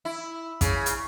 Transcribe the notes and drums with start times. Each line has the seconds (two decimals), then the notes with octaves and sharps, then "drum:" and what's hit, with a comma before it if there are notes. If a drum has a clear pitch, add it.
0.05 E4
0.61 C#3, drum: kick, hi-hat
0.86 drum: hi-hat